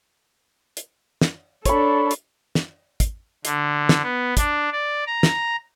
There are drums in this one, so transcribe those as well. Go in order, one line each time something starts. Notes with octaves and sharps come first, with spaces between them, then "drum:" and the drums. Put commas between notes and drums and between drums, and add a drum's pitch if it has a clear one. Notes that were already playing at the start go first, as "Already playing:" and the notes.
drum: hi-hat
drum: snare
D4 A4 C#5 B5, drum: kick, hi-hat
drum: hi-hat
drum: snare
drum: kick, hi-hat
D3, drum: hi-hat
drum: snare
B3
D4, drum: kick, hi-hat
D5
A#5
drum: snare